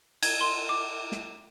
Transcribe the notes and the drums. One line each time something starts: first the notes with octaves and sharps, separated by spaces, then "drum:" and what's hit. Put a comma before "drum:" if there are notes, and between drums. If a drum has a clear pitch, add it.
G#6, drum: cymbal
C6
D6
drum: snare